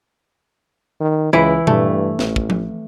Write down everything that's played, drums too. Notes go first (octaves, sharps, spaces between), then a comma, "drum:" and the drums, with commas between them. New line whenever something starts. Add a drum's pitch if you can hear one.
D#3
C#2 E3 E4
G2 A3, drum: tom A#2
A1, drum: snare
drum: kick
drum: tom F3